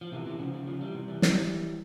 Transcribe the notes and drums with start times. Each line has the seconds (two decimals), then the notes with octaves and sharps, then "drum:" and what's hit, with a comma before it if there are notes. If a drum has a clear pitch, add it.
0.01 F3
0.12 C3 E3
0.26 C3 E3
0.39 C#3 F3
0.53 C#3 F3
0.67 C#3 F3
0.81 E3 G3
0.94 C3
1.08 E3 G3
1.22 E3 G3, drum: snare